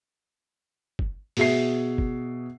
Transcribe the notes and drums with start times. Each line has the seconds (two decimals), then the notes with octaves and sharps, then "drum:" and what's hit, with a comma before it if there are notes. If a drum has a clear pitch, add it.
0.99 drum: kick
1.37 B2 G#4 E5 C7, drum: open hi-hat
1.98 drum: kick